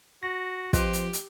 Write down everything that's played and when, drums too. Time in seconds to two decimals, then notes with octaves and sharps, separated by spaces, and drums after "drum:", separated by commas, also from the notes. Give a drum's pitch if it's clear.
0.23 F#4 A#6
0.73 F3 C4 F4 G4 B4 D#5, drum: kick, hi-hat
0.93 drum: hi-hat
1.13 drum: hi-hat